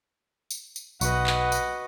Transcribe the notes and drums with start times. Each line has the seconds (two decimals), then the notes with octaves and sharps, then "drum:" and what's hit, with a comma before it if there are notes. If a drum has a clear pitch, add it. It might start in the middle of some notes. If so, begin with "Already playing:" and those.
0.50 drum: tambourine
0.76 drum: tambourine
1.01 B1 F#4 B4 D#5 F#5, drum: tambourine
1.27 drum: clap
1.52 drum: tambourine